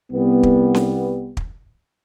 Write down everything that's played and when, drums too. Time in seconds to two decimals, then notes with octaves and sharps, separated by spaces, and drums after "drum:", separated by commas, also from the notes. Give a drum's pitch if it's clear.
0.12 C2 G3 B3
0.43 drum: kick
0.74 drum: snare C#4
1.37 drum: kick